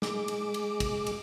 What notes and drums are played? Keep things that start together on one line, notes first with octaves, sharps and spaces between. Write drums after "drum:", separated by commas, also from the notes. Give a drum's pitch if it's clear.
G#3 D6, drum: snare
drum: cymbal
drum: cymbal
drum: kick, cymbal
drum: cymbal